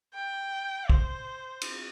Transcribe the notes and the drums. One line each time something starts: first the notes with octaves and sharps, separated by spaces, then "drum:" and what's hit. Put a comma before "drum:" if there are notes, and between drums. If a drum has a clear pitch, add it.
G5
C5, drum: kick
drum: cymbal